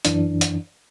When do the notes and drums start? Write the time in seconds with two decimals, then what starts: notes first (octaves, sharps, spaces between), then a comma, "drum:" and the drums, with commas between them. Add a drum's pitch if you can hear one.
0.05 F#2 E3 D4, drum: hi-hat
0.41 drum: hi-hat